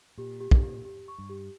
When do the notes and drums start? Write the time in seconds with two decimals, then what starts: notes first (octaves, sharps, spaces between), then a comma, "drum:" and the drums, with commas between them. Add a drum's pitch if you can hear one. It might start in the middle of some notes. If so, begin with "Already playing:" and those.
0.18 A#2 G4
0.41 G4
0.51 A#2, drum: kick
0.63 G4
0.85 G4
1.08 C#6
1.18 G2
1.29 G4